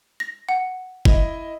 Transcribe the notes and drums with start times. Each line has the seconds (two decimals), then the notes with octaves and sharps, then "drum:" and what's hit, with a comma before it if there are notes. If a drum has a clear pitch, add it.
0.20 A#6
0.49 F#5
1.05 E4 D#5, drum: kick F#1